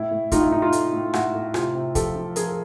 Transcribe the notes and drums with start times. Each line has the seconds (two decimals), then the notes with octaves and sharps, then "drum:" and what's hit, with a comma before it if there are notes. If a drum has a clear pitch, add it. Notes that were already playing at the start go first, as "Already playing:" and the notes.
Already playing: A2 E4
0.11 A2
0.32 A2 D#4 F4, drum: kick, hi-hat
0.42 E4
0.52 A2 D#4
0.62 D#4 F4
0.72 A3, drum: hi-hat
0.93 A2
1.13 A2 E4 F#4, drum: rim click
1.35 A2
1.54 C3 F4 G4, drum: rim click
1.75 C3
1.95 F3 G4 A4, drum: kick, hi-hat
2.16 F3
2.36 F3 G#4 A#4, drum: hi-hat